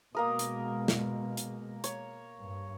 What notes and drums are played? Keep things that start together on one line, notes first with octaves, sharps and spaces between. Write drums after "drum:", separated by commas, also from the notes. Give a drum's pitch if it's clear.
B2 G#3 A#3 A#4 D#6
drum: hi-hat
drum: snare
drum: hi-hat
C#5, drum: hi-hat
G2